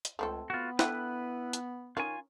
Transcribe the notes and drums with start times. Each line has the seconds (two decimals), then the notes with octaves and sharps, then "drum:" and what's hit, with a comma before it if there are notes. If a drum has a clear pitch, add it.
0.05 drum: hi-hat
0.19 C#2 A3 C4 A4
0.50 B3 F4 F#4
0.79 D3 E4 B4 F#5 G5, drum: snare
1.53 drum: hi-hat
1.97 D#3 C#4 F4 C#5 G#5